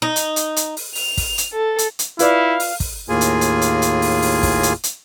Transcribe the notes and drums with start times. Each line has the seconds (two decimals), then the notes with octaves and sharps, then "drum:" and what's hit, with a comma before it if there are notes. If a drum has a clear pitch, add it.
0.02 D#4
0.16 drum: hi-hat
0.36 drum: hi-hat
0.56 drum: hi-hat
0.77 drum: open hi-hat
0.95 F7, drum: open hi-hat
1.17 drum: kick, open hi-hat
1.38 drum: hi-hat
1.53 A4
1.78 drum: hi-hat
1.99 drum: hi-hat
2.19 E4 F4 B4 D5 F5, drum: hi-hat
2.60 drum: open hi-hat
2.80 drum: kick, open hi-hat
3.09 D#2 A2 A#3 F4 G#4 G#5
3.21 drum: hi-hat
3.41 drum: hi-hat
3.61 drum: hi-hat
3.82 drum: hi-hat
4.02 drum: open hi-hat
4.22 drum: open hi-hat
4.43 drum: kick, open hi-hat
4.63 drum: hi-hat
4.84 drum: hi-hat